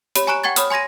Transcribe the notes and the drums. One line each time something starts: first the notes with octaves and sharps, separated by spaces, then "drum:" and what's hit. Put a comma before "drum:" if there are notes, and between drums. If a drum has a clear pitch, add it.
G4 C#5 B5, drum: hi-hat
G#5 A#5 C#6 F#6 D7 E7
F#5 G5 C#6 G#6 A6
C#5 B5 D#6 F6, drum: hi-hat
G#5 C6 G#6 A#6 D#7